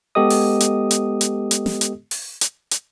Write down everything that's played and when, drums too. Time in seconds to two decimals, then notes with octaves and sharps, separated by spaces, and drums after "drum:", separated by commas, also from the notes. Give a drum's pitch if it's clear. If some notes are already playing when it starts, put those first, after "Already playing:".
0.15 G#3 B3 G4 A4 D#5 D#6
0.30 drum: open hi-hat
0.60 drum: hi-hat
0.91 drum: hi-hat
1.21 drum: hi-hat
1.51 drum: hi-hat
1.66 drum: snare
1.81 drum: hi-hat
2.11 drum: open hi-hat
2.41 drum: hi-hat
2.71 drum: hi-hat